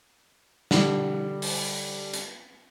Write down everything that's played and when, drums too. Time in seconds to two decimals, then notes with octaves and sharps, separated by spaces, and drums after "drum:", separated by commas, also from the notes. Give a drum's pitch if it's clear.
0.71 D3 G3, drum: snare
1.42 drum: open hi-hat
2.14 drum: hi-hat